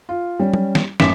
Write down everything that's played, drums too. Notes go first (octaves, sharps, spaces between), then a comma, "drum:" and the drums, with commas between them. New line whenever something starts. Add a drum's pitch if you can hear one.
F4
G3 C#4
drum: tom F#3
drum: snare
A1 F#2 D6 B6 E7, drum: snare